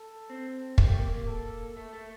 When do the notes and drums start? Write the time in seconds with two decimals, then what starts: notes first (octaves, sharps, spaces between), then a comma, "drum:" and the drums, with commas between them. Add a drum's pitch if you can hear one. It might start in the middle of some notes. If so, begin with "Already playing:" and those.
Already playing: A4
0.30 C4
0.78 A#3 G4, drum: kick
0.89 A3
0.99 A#3
1.28 A4
1.77 A3
1.93 A3